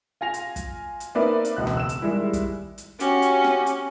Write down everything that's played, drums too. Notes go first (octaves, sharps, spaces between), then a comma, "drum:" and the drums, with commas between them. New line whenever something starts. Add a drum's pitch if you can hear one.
F4 G#5 A#6 F7
drum: hi-hat
drum: kick, hi-hat
drum: hi-hat
A#3 C4 D#4 B4 D5 E5
drum: hi-hat
E1 C#2 F#6
drum: snare
E6 E7
drum: hi-hat
D#3 G3 G#3 E4
drum: kick, hi-hat
drum: hi-hat
C#4 F#4 G4, drum: hi-hat
drum: hi-hat
drum: snare
drum: hi-hat